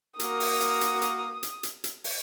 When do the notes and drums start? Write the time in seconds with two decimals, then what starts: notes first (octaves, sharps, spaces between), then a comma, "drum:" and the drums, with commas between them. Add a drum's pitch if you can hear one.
0.20 A#3 F#4 A#4 D#6, drum: hi-hat
0.40 drum: open hi-hat
0.61 drum: hi-hat
0.81 drum: hi-hat
1.02 drum: hi-hat
1.43 drum: hi-hat
1.63 drum: hi-hat
1.84 drum: hi-hat
2.04 drum: open hi-hat